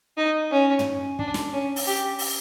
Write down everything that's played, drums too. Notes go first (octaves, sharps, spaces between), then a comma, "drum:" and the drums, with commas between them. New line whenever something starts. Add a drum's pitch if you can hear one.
D#4
C#4
drum: tom
D4, drum: kick
drum: snare
C#4
drum: open hi-hat
G4
drum: open hi-hat